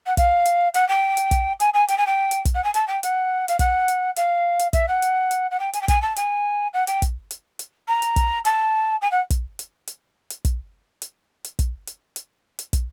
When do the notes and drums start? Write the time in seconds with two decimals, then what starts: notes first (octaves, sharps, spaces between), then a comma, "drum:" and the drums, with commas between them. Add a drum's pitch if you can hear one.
0.06 F#5
0.17 F5, drum: kick, hi-hat
0.46 drum: hi-hat
0.74 F#5, drum: hi-hat
0.88 G5
1.17 drum: hi-hat
1.31 drum: kick, hi-hat
1.60 G#5, drum: hi-hat
1.74 G#5
1.88 G5, drum: hi-hat
1.98 G#5
2.07 G5
2.31 drum: hi-hat
2.45 drum: kick, hi-hat
2.55 F#5
2.64 G#5
2.74 A5, drum: hi-hat
2.88 G5
3.03 F#5, drum: hi-hat
3.48 F5, drum: hi-hat
3.59 F#5, drum: kick, hi-hat
3.88 drum: hi-hat
4.16 F5, drum: hi-hat
4.59 drum: hi-hat
4.73 E5, drum: kick, hi-hat
4.88 F#5
5.02 drum: hi-hat
5.31 drum: hi-hat
5.51 F#5
5.60 G5
5.73 G#5, drum: hi-hat
5.81 G5
5.88 G#5, drum: kick, hi-hat
6.02 A5
6.16 G#5, drum: hi-hat
6.73 F#5
6.87 G5, drum: hi-hat
7.02 drum: kick, hi-hat
7.31 drum: hi-hat
7.59 drum: hi-hat
7.88 A#5
8.02 drum: hi-hat
8.16 drum: kick, hi-hat
8.45 A5, drum: hi-hat
9.01 G#5
9.11 F#5
9.30 drum: kick, hi-hat
9.59 drum: hi-hat
9.87 drum: hi-hat
10.30 drum: hi-hat
10.45 drum: kick, hi-hat
11.02 drum: hi-hat
11.44 drum: hi-hat
11.59 drum: kick, hi-hat
11.87 drum: hi-hat
12.16 drum: hi-hat
12.59 drum: hi-hat
12.73 drum: kick, hi-hat